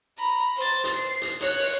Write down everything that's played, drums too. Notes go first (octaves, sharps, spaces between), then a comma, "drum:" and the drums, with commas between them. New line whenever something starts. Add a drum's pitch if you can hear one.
A#5 B5
C5 A6
drum: hi-hat
C7
drum: hi-hat
C#5 F#6, drum: hi-hat
drum: open hi-hat